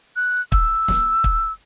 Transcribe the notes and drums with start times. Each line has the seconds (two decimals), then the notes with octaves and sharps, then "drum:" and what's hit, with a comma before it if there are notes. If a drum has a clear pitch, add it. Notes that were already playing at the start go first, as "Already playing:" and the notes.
0.16 F#6
0.52 E6, drum: kick
0.88 drum: snare
1.24 drum: kick